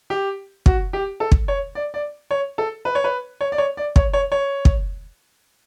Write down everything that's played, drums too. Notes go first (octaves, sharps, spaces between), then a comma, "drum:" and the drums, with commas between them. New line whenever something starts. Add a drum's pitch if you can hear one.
G4
F#4, drum: kick
G4
A4
drum: kick
C#5
D5
D5
C#5
A4
B4
C#5
B4
C#5
D5
C#5
D5
C#5, drum: kick
C#5
C#5
drum: kick